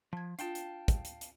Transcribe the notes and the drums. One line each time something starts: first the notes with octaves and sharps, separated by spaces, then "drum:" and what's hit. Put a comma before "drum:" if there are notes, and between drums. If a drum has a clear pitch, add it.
F3 A5 G#6
D4 F4 F5 G5 A5, drum: hi-hat
drum: hi-hat
drum: kick, hi-hat
drum: hi-hat
drum: hi-hat